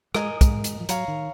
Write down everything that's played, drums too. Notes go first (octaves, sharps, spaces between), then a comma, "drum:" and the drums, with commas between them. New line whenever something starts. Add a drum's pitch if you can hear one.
G#3 A#4 D#5 G#5, drum: rim click
G#3, drum: kick, hi-hat
drum: hi-hat
F3
F#3 C#5 F5 A#5, drum: hi-hat
D#3